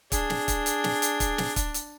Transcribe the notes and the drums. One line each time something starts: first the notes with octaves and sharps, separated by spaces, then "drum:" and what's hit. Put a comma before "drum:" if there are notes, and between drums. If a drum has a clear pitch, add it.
D4 G#4, drum: kick, hi-hat
drum: snare
drum: kick, hi-hat
drum: hi-hat
drum: snare
drum: hi-hat
drum: kick, hi-hat
drum: snare
drum: kick, hi-hat
drum: hi-hat